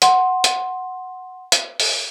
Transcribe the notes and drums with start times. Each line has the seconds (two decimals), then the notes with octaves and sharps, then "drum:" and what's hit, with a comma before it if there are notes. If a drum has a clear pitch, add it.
0.02 F#5 C6, drum: hi-hat
0.44 drum: hi-hat
1.52 drum: hi-hat
1.80 drum: open hi-hat